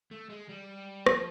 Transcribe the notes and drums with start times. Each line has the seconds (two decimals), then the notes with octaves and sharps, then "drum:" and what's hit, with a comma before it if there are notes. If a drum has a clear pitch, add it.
0.11 A3
0.30 G#3
0.49 G3
1.06 F3, drum: rim click